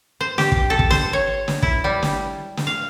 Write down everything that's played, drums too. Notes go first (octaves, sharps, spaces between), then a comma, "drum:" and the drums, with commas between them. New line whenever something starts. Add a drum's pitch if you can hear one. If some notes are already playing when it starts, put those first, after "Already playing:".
C5
G4, drum: snare
drum: kick
A4
drum: kick
C5, drum: snare
C#5
drum: snare
E4, drum: kick
G3
drum: snare
drum: snare
F5